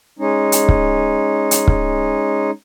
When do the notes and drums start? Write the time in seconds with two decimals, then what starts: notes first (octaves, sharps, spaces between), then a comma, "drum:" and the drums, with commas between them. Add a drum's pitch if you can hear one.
0.19 G#3 C#4 D#4
0.52 drum: hi-hat
0.69 drum: kick
1.51 drum: hi-hat
1.68 drum: kick